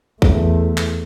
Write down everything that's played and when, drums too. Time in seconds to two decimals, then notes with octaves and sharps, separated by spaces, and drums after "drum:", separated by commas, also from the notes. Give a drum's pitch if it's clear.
0.22 E2 A3, drum: kick
0.77 drum: clap